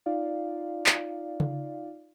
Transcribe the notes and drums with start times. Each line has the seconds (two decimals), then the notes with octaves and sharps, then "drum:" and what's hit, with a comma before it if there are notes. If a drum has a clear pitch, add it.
0.06 D#4 F4 D5 F5
0.86 drum: clap
1.40 drum: tom C#3